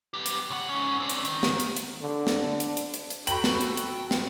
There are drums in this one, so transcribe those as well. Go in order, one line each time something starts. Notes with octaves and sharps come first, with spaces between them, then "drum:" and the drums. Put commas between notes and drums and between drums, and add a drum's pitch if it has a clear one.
B3 G4
drum: hi-hat
C#3 F#5
G#2 C#4
C4 D4
drum: hi-hat
D#3, drum: hi-hat
drum: snare
drum: hi-hat
drum: hi-hat
D3
drum: snare
D4
drum: hi-hat
drum: hi-hat
drum: hi-hat
drum: hi-hat
F#4 A4 G5 A#5 B5 F#7, drum: hi-hat
drum: snare
drum: hi-hat
drum: hi-hat
drum: snare